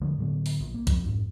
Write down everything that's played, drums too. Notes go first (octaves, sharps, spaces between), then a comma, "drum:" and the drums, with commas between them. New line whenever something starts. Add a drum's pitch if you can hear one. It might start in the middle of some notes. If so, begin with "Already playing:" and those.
D3 F3 G#3 A3
A2 D3 F#3 B3
drum: open hi-hat
A#1
A#3
F2 F3 F#3, drum: kick A#1, hi-hat
F2 G#2